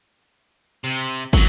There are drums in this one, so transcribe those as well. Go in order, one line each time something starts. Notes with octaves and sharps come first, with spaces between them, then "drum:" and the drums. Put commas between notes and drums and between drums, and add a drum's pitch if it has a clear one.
C3
E2 F#3, drum: kick